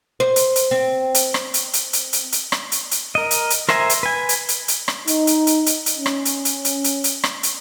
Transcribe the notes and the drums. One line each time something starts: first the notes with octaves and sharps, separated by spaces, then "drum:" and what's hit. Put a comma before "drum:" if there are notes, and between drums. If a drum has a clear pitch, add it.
C5
drum: hi-hat
drum: hi-hat
C4
drum: hi-hat
drum: rim click
drum: hi-hat
drum: hi-hat
drum: hi-hat
drum: hi-hat
drum: hi-hat
drum: rim click
drum: hi-hat
drum: hi-hat
A#4 D#5
drum: hi-hat
drum: hi-hat
A#4 C5 E5 G#5 A#5, drum: rim click
drum: hi-hat
B4 G#5
drum: hi-hat
drum: hi-hat
drum: hi-hat
drum: rim click
D#4, drum: hi-hat
drum: hi-hat
drum: hi-hat
drum: hi-hat
drum: hi-hat
C#4
drum: rim click
drum: hi-hat
drum: hi-hat
drum: hi-hat
drum: hi-hat
drum: hi-hat
drum: rim click
drum: hi-hat